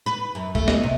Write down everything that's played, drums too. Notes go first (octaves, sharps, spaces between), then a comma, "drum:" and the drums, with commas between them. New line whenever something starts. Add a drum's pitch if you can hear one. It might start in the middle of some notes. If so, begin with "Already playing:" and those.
B4
F#2
A3, drum: kick A1
D#5, drum: snare
C3